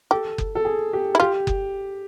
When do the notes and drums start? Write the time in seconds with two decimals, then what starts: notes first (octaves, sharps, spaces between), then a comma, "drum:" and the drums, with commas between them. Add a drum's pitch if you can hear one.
0.11 G4 A4
0.38 drum: kick F#1
0.55 A4
0.65 G#4
0.93 G4
1.15 E4
1.20 F4 G4
1.47 drum: kick F#1